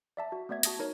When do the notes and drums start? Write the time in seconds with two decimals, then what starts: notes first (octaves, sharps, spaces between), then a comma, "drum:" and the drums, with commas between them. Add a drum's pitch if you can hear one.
0.17 D5 E5 A5
0.32 F#4
0.49 A3 B3 D5 E5 G#6
0.63 F#4 A5 D#6 G#6 A#6, drum: hi-hat
0.79 D#4 A#4 C#5